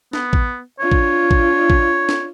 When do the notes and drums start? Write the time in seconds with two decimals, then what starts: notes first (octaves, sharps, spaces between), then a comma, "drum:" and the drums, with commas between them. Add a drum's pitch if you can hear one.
0.13 B3, drum: snare
0.33 drum: kick A1
0.80 D4 F4 C#5
0.92 drum: kick A1
1.31 drum: kick A1
1.70 drum: kick A1
2.09 drum: snare